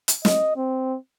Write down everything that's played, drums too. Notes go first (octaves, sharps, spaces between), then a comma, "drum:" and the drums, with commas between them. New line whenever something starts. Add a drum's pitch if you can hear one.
drum: hi-hat
D#5, drum: snare
C4